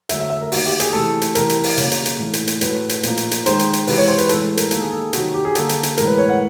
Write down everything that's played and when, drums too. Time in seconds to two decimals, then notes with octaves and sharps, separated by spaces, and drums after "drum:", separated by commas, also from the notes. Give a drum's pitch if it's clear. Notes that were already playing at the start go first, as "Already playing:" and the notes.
0.09 D3 F#3 A3 E5, drum: hi-hat
0.20 E5
0.30 E5
0.41 A#4
0.52 D#3 G3 A#3 F#4, drum: open hi-hat
0.65 G4
0.80 G#4, drum: hi-hat
0.93 C3 E3 A3 A4
1.22 drum: hi-hat
1.35 C3 E3 G3 A#4, drum: hi-hat
1.49 drum: hi-hat
1.63 drum: open hi-hat
1.78 C#3 F#3 A#3, drum: hi-hat
1.91 drum: hi-hat
2.05 drum: hi-hat
2.19 A2 E3 A3
2.33 drum: hi-hat
2.47 drum: hi-hat
2.61 A2 F#3 A3 B4, drum: hi-hat
2.89 drum: hi-hat
3.03 A#2 F3 A#3, drum: hi-hat
3.17 drum: hi-hat
3.31 drum: hi-hat
3.46 D#3 G#3 C5, drum: hi-hat
3.59 drum: hi-hat
3.73 drum: hi-hat
3.87 C3 E3 G#3 B4, drum: open hi-hat
3.98 C#5
4.08 C5
4.18 B4, drum: hi-hat
4.29 A2 E3 G#3 A4, drum: hi-hat
4.43 A4
4.57 A#4, drum: hi-hat
4.71 D#3 G3 A#3 A4, drum: hi-hat
4.81 G#4
4.91 A4
5.13 C3 D#3 F#3 F#4, drum: hi-hat
5.34 G4
5.45 G#4
5.55 D3 G3 A#3 A4, drum: hi-hat
5.69 drum: hi-hat
5.83 drum: hi-hat
5.97 A2 E3 G#3 A#4, drum: hi-hat
6.07 B4
6.18 C#5
6.29 F#5